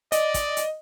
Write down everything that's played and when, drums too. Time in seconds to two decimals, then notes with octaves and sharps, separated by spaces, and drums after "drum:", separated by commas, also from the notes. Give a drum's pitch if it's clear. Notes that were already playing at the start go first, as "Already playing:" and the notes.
0.12 D5 D#5, drum: hi-hat
0.34 drum: kick, hi-hat
0.57 drum: hi-hat